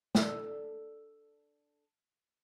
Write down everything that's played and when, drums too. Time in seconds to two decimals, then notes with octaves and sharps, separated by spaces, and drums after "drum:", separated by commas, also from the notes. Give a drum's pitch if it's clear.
0.15 D4 A4, drum: snare